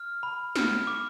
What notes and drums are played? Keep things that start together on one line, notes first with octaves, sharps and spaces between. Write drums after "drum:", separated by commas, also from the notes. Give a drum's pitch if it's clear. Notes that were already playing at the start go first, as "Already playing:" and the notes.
Already playing: F6
B5
F6, drum: snare
D6